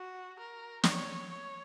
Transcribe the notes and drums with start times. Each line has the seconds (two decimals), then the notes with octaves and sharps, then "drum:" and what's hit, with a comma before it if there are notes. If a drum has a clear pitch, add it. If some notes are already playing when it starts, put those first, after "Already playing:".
Already playing: F#4
0.39 A#4
0.84 C#5, drum: snare
1.29 C#5